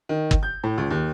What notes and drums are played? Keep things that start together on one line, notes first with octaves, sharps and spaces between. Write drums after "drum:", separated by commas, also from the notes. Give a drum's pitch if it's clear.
D#3
drum: kick
G6
A2
C#2
D#2